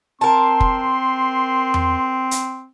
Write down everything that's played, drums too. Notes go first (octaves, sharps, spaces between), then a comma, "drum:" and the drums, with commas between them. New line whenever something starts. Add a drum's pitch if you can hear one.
C4 A#4 A5 C6
drum: kick
drum: tom E2
drum: hi-hat